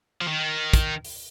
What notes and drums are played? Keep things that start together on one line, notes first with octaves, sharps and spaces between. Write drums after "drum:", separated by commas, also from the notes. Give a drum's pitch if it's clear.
F3
D#3
drum: kick, hi-hat
drum: open hi-hat